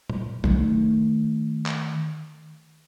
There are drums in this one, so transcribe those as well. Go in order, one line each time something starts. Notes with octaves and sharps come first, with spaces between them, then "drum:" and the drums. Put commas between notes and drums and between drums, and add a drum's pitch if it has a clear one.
drum: tom A#2
D#3 A3, drum: tom F#3
drum: clap